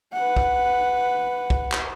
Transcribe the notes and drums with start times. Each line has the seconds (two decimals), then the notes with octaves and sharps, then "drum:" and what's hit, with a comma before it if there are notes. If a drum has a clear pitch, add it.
0.13 B4 F#5
0.37 drum: kick
1.50 drum: kick
1.72 drum: clap